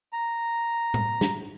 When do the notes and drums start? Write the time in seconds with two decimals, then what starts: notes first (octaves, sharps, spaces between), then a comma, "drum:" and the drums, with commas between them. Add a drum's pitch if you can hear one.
0.13 A#5
0.94 drum: tom A2
1.21 drum: snare